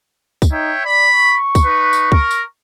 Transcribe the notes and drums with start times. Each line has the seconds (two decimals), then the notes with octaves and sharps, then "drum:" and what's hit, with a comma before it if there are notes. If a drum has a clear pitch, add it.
0.42 drum: kick, tambourine
0.51 D#4 C#5 E5 G5
0.85 D5 B5
1.14 C#6
1.55 drum: kick, tambourine
1.65 D#4 B4
1.93 drum: tambourine
2.12 A#4, drum: kick
2.31 drum: tambourine